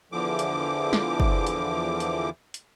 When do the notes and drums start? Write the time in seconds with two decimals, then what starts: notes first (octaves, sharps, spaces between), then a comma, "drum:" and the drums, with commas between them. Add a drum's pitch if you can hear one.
0.12 E2 D3 E3 F3 D6
0.39 drum: hi-hat
0.93 drum: snare
1.20 drum: kick
1.47 drum: hi-hat
2.00 drum: hi-hat
2.54 drum: hi-hat